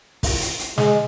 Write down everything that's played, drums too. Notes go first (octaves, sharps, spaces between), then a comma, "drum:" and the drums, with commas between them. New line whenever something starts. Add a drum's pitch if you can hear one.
drum: kick, open hi-hat
drum: hi-hat
drum: hi-hat
G#3, drum: snare